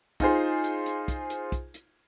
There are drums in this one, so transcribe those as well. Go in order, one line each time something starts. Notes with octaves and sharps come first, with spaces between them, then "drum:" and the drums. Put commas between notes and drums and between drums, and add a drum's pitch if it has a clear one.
D#4 F4 G#4 C5, drum: kick, hi-hat
drum: hi-hat
drum: hi-hat
drum: kick, hi-hat
drum: hi-hat
drum: kick, hi-hat
drum: hi-hat